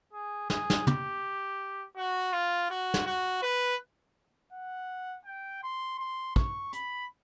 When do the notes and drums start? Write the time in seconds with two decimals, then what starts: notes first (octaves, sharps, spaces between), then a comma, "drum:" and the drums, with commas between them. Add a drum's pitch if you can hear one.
0.13 G#4
0.50 G#4, drum: snare
0.70 drum: snare
0.87 G4, drum: tom
1.97 F#4
2.33 F4
2.70 F#4
2.94 drum: snare
3.06 F#4
3.42 B4
4.53 F#5
5.25 G5
5.63 C6
5.99 C6
6.36 C#6, drum: kick
6.73 B5, drum: hi-hat